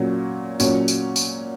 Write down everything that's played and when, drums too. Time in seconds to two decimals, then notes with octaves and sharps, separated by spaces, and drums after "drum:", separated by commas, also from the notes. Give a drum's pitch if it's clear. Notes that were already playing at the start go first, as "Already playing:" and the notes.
Already playing: A#2 F#3 C#4
0.60 A#2 F#3 C#4, drum: tambourine
0.88 drum: tambourine
1.16 drum: tambourine